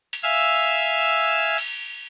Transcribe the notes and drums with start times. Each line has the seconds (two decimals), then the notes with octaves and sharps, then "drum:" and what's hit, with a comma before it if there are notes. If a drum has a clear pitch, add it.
0.13 drum: open hi-hat
0.23 E5 F5 G#5 E6
1.58 drum: cymbal